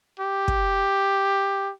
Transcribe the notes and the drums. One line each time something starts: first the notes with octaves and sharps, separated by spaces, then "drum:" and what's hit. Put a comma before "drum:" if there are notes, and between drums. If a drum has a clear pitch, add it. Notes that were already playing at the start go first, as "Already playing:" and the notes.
G4
drum: kick